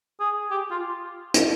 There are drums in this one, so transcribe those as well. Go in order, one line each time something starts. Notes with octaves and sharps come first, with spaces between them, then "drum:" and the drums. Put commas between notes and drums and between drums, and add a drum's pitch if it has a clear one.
G#4
G4
F4
drum: hi-hat